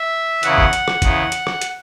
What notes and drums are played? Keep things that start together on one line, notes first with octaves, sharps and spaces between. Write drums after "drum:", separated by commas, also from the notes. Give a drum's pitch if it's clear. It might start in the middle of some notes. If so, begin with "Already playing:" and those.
Already playing: E5
E2 C#3 E3 F#5, drum: hi-hat
drum: kick
drum: hi-hat
drum: rim click
E2 C#3 E3, drum: kick, hi-hat
drum: hi-hat
drum: rim click
drum: hi-hat